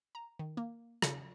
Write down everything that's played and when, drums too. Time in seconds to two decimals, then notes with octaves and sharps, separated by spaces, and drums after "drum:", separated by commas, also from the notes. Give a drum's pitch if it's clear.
0.15 A#5
0.39 D#3
0.57 A#3
1.02 C#3, drum: rim click